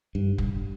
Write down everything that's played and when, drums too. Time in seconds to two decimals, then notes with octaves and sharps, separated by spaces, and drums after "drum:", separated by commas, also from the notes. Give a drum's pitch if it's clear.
0.15 G2
0.38 drum: kick